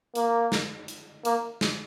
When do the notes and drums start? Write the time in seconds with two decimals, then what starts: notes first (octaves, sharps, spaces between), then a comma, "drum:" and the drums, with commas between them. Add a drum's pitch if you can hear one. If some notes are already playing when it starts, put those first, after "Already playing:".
0.15 A#3, drum: hi-hat
0.52 drum: snare
0.88 drum: hi-hat
1.25 A#3, drum: hi-hat
1.61 drum: snare